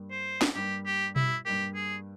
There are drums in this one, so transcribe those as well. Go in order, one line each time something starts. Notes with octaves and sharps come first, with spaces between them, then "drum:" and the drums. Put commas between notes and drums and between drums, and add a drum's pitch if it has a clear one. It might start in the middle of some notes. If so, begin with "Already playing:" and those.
Already playing: G2 G3 A#3
C5
drum: snare
G2 G3 A#3 G4
G4
E4, drum: tom B2
G2 G3 A#3 G4
G#4